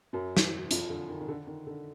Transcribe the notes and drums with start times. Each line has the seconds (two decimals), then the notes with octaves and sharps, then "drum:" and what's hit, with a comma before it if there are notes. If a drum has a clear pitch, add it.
0.13 F#2 F#3
0.37 drum: snare
0.71 F2 F3, drum: hi-hat
0.90 D3
1.09 D#3
1.21 D#3
1.28 D3
1.47 D#3
1.67 D3